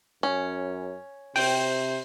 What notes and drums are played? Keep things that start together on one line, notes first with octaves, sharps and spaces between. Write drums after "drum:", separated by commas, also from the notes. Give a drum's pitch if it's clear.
F#2 C#4
C3 C5 G5, drum: open hi-hat